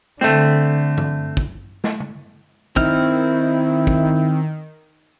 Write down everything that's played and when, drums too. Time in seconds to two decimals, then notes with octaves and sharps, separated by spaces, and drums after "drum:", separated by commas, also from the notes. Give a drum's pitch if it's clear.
0.21 D3 A3 C4, drum: snare
0.97 drum: tom G2
1.37 drum: kick
1.84 drum: snare
2.00 drum: tom
2.76 D#3 C4 E4 F6, drum: kick
3.87 drum: kick